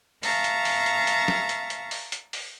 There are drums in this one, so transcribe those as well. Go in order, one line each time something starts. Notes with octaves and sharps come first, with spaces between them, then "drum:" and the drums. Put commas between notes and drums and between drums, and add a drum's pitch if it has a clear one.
E5 F5 A5 A#5 C#6, drum: open hi-hat
drum: hi-hat
drum: open hi-hat
drum: hi-hat
drum: hi-hat
drum: snare
drum: hi-hat
drum: hi-hat
drum: open hi-hat
drum: hi-hat
drum: open hi-hat